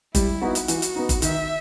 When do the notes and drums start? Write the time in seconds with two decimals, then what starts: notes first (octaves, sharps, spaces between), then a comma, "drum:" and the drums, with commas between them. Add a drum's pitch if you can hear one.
0.15 G3 E4, drum: kick G1, hi-hat
0.42 B3 D#4 F#4
0.55 drum: hi-hat
0.68 E3 F#4, drum: hi-hat
0.82 drum: hi-hat
0.96 B3 D#4
1.09 drum: kick G1, hi-hat
1.22 D#3 E5, drum: hi-hat